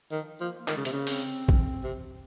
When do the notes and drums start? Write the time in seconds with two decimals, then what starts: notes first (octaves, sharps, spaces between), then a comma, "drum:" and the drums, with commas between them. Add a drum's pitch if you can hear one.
0.11 D#3 F3
0.40 F3 A#3
0.60 A#3
0.68 D#3 G#3, drum: clap
0.77 C#3
0.85 C3 A#3, drum: hi-hat
0.93 C#3
1.07 C4, drum: open hi-hat
1.49 drum: kick
1.83 C3